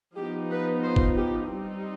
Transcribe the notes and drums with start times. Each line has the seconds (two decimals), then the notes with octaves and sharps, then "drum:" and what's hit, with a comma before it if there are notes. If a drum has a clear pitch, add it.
0.17 F3 B3 D#4 G4
0.51 B4
0.84 C5
0.96 drum: kick
1.17 G4
1.50 G3 C4 D#4